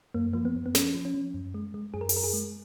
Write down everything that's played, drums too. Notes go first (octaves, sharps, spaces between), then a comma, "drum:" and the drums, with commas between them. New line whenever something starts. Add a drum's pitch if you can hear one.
F#2 A#3
F3 A#3
B3
F#2
B3
F3 C#4, drum: snare
F3
C#4
F3
F#2
G#3
G#3
F#2 G#4
A#4
G#4, drum: open hi-hat
F#2 A#4
G#4
G#3